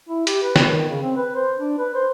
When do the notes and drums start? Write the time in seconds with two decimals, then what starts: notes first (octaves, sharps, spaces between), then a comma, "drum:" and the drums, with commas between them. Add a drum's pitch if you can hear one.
0.09 E4
0.27 G4, drum: hi-hat
0.42 B4
0.56 drum: snare
0.67 D#3
0.89 C#3
1.02 C4
1.16 B4
1.35 C5
1.58 D4
1.78 B4
1.95 C5